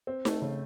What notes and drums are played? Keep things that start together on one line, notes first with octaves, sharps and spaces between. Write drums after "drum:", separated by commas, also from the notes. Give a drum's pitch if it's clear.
C4
A3, drum: snare D#4
C#3